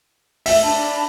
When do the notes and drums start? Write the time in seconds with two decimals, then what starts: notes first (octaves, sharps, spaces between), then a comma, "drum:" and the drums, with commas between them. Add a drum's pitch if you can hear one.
0.46 E5, drum: open hi-hat
0.63 D4 A5 B5